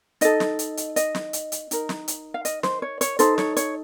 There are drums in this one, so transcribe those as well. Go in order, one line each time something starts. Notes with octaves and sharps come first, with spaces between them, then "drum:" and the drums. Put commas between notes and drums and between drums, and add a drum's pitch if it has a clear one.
D#4 A4 D#5, drum: hi-hat
drum: snare
drum: hi-hat
drum: hi-hat
D#5, drum: hi-hat
drum: snare
drum: hi-hat
drum: hi-hat
D#4 A#4, drum: hi-hat
drum: snare
drum: hi-hat
F5
D#5, drum: hi-hat
C5, drum: snare
C#5
C#5, drum: hi-hat
D#4 A4 C5, drum: hi-hat
C#5, drum: snare
C#5, drum: hi-hat